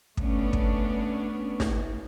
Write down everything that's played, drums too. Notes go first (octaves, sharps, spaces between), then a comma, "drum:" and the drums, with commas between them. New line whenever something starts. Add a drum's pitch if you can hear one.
A3 B3 C#4 D4, drum: kick
drum: kick
drum: snare